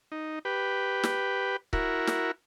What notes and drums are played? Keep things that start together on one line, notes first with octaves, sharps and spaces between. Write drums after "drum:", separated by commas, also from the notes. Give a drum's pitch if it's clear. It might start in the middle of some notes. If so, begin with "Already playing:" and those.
D#4
G4 B4
drum: snare
E4 F#4 A#4, drum: kick C#1
drum: snare